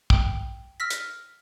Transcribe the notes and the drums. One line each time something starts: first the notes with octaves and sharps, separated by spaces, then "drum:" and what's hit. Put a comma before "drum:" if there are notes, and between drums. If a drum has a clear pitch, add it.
G5 D#6, drum: kick
E6 F6 A#6 B6
drum: hi-hat